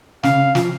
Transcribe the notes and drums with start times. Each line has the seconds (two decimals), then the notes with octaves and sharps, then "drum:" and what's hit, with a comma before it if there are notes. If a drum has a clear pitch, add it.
0.23 C#3 F5, drum: snare
0.55 F3, drum: snare